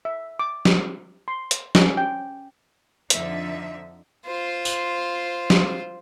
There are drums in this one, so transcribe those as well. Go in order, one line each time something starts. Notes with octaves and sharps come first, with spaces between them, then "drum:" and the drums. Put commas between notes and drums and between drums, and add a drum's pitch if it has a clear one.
E5
D6
drum: snare
C6
drum: hi-hat
C#4, drum: snare
G5
F2 D3 F3 D#4 E5, drum: hi-hat
F4 C5
drum: tambourine
drum: snare